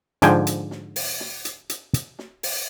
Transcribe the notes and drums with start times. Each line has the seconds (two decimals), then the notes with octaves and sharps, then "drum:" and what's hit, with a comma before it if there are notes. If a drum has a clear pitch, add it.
0.22 G#2 D3 F3 G5 G#5, drum: hi-hat
0.47 drum: hi-hat
0.71 drum: snare
0.96 drum: open hi-hat
1.20 drum: snare
1.45 drum: hi-hat
1.70 drum: hi-hat
1.94 drum: hi-hat
2.19 drum: snare
2.43 drum: open hi-hat